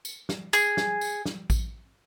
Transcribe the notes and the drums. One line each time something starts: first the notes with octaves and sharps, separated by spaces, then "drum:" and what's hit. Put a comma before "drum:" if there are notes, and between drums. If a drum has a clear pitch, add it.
drum: tambourine
drum: snare
G#4, drum: tambourine
drum: snare
drum: tambourine
drum: snare
drum: kick A1, tambourine